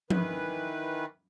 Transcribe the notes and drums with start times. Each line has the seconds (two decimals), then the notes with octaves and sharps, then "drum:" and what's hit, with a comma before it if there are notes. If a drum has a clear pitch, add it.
0.10 D#3 E3 B4, drum: tom F3